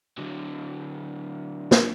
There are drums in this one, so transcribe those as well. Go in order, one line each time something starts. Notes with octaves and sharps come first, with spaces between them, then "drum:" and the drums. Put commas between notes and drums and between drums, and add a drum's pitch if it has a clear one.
D3 F#3
drum: snare